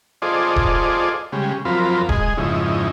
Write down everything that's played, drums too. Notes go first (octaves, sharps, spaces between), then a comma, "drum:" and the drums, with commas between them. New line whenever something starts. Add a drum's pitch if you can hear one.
F4 G#4 A4 C5 D5 D#5
drum: kick D#1
C#3 G3 G#3
F#2 F3 C4 F4 A#4 B5
G#3 G#4 D#5, drum: kick D#1
F2 G#2 C#3 D#4 E4